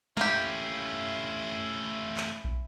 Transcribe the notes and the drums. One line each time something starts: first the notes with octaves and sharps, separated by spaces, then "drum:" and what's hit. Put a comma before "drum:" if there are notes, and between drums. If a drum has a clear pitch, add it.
A3 A#3 C#4 E4 F4 G4, drum: snare
drum: clap
drum: kick